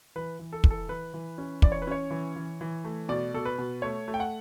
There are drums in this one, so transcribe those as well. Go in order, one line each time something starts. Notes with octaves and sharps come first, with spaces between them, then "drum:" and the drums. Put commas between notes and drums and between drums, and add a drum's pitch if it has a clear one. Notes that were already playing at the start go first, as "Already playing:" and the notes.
E3 B4
E3
A4
E3, drum: kick
A4
E3 B4
E3
C#4
E3 D5, drum: kick
C#5
B4
C#4 C#5
E3
E3
E3
A3
B2 D5
B2 A4
B4
B2
A3 C#5
A3
G5
F#5